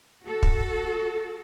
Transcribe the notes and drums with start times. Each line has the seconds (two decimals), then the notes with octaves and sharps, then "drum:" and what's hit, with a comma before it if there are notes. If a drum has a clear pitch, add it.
0.22 F#4 A4
0.43 drum: kick